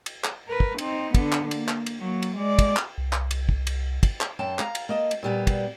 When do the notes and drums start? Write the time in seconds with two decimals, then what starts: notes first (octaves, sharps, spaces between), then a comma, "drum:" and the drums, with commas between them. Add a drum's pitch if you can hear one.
0.06 drum: cymbal
0.24 drum: clap
0.48 A#4 B4
0.60 drum: kick
0.78 C4 D#4, drum: cymbal
1.14 D3 B3, drum: kick, cymbal
1.32 drum: clap
1.51 A#3, drum: cymbal
1.68 drum: clap
1.86 drum: cymbal
2.00 F#3 A#3
2.23 drum: cymbal
2.37 G#3 D5
2.59 drum: kick, cymbal
2.77 drum: clap
2.98 C2
3.13 drum: clap
3.31 drum: cymbal
3.49 drum: kick
3.67 drum: cymbal
4.03 drum: kick, cymbal
4.21 drum: clap
4.39 F#2 G5 A5
4.59 F5 A#5, drum: clap
4.75 drum: cymbal
4.89 A#3 D#5 A5
5.11 drum: cymbal
5.23 A#2 G3 B3
5.47 drum: kick, cymbal